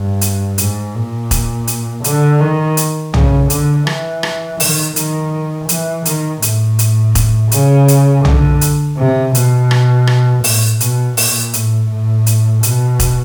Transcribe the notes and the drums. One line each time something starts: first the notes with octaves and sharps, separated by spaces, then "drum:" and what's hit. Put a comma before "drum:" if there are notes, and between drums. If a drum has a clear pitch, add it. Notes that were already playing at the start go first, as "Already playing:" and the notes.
Already playing: G2
drum: hi-hat
G#2, drum: hi-hat
A#2
drum: kick E1, hi-hat
drum: hi-hat
D3, drum: hi-hat
D#3
drum: hi-hat
C#3, drum: tom
D3, drum: hi-hat
E3, drum: rim click
drum: rim click
D#3, drum: open hi-hat
D#3, drum: hi-hat
E3, drum: hi-hat
D#3, drum: hi-hat
A2, drum: hi-hat
drum: hi-hat
drum: kick E1, hi-hat
C#3, drum: hi-hat
drum: hi-hat
D3, drum: tom
drum: hi-hat
C3
B2, drum: hi-hat
drum: rim click
drum: rim click
A2, drum: open hi-hat
B2, drum: hi-hat
A#2, drum: open hi-hat
A2, drum: hi-hat
A2
drum: hi-hat
B2, drum: hi-hat
drum: kick E1, hi-hat